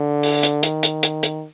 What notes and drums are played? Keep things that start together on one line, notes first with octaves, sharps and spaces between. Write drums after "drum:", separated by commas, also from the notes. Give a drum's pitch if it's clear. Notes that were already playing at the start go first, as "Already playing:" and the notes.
Already playing: D3
drum: open hi-hat
drum: hi-hat
D#3, drum: hi-hat
drum: hi-hat
drum: hi-hat
drum: hi-hat